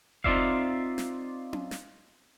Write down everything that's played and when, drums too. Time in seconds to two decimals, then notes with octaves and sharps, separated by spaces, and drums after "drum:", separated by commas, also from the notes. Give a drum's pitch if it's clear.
0.24 C4 D#4 F4 D5 E5 F5, drum: kick F1
0.98 drum: snare
1.53 drum: tom C#4
1.71 drum: snare